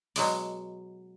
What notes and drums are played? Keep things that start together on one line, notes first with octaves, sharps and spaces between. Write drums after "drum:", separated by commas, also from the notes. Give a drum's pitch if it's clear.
B2 F#3 G#3 D5, drum: open hi-hat